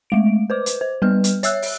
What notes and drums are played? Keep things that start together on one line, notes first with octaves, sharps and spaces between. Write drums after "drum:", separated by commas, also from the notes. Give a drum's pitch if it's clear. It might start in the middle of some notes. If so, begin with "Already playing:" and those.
G#3 A3 D7
B4 C5 D6
drum: hi-hat
C5
G3 B3 B4 F6
drum: hi-hat
C#5 E5 E6 F#6, drum: hi-hat
drum: open hi-hat